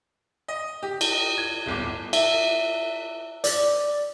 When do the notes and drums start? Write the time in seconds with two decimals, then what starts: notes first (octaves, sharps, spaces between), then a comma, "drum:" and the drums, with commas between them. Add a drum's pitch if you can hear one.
0.48 D#5
0.83 G4
1.01 drum: cymbal
1.12 D#5
1.38 G#6
1.66 D1 G1 D6
2.13 E5, drum: cymbal
3.44 D5, drum: hi-hat